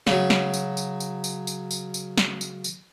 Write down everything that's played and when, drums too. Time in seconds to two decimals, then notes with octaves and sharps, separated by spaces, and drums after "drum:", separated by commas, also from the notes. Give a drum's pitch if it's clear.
0.07 C#3 F#3, drum: snare
0.30 drum: snare
0.54 drum: tambourine
0.77 drum: tambourine
1.00 drum: tambourine
1.24 drum: tambourine
1.47 drum: tambourine
1.71 drum: tambourine
1.94 drum: tambourine
2.17 drum: snare
2.41 drum: tambourine
2.64 drum: tambourine